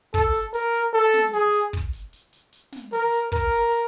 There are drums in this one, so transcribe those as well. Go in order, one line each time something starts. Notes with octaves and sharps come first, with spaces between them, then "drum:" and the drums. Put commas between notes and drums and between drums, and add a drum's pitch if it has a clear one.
A4, drum: kick, open hi-hat
drum: hi-hat
A#4, drum: hi-hat
drum: hi-hat
A4
drum: snare
G#4, drum: hi-hat
drum: hi-hat
drum: kick
drum: hi-hat
drum: hi-hat
drum: hi-hat
drum: hi-hat
drum: snare
A#4, drum: hi-hat
drum: hi-hat
A#4, drum: kick, open hi-hat
drum: hi-hat
drum: hi-hat